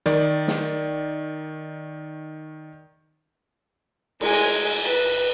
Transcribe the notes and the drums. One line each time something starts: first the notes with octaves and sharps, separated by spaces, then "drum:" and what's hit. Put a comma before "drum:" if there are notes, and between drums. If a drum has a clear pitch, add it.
D#3 D5, drum: rim click
drum: snare
G#3 G#5, drum: cymbal
B4, drum: cymbal